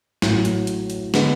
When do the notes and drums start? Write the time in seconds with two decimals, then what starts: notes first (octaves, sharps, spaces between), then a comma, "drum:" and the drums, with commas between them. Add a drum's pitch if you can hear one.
0.22 A1 A2 F#3 A3, drum: snare
0.45 drum: hi-hat
0.67 drum: hi-hat
0.90 drum: hi-hat
1.14 D3 G#3 B3, drum: snare